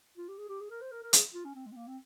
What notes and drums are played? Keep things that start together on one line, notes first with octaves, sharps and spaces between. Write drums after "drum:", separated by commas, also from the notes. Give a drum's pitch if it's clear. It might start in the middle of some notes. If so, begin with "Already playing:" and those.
F4
G4
G#4
G4
G#4
A#4
C5
A#4
A#4
G#4, drum: hi-hat
F4
C#4
C4
G#3
C4
A#3
C4